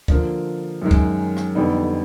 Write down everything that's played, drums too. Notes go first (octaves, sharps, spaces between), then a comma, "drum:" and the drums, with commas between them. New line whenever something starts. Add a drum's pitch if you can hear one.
D3 F3 A#3, drum: kick
F#2 D#3 G#3
drum: kick
drum: rim click
F2 D3 G3 B3 D#4